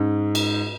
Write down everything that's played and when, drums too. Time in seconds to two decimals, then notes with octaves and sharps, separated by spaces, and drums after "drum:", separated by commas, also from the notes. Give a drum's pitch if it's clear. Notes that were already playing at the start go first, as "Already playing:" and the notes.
Already playing: G#2 C#4
0.35 drum: cymbal